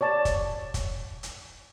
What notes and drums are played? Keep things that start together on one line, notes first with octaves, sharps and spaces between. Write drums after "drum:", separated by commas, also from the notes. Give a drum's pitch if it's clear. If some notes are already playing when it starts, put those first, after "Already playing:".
C#5 D5 A5
drum: kick, hi-hat
drum: kick, hi-hat
drum: hi-hat